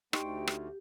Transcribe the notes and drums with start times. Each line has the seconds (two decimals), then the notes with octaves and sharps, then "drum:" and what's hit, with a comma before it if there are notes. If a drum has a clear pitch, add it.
0.13 D2 D#4 G4 G5 C6 C#6, drum: rim click
0.47 drum: rim click